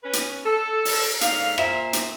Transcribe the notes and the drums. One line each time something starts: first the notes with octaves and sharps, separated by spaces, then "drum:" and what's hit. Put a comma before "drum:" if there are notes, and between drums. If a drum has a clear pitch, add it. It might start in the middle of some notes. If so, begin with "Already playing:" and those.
C#4 B4
drum: hi-hat
A4
drum: open hi-hat
G#2 D3 F5, drum: hi-hat
A#2 C5 E5, drum: rim click
drum: hi-hat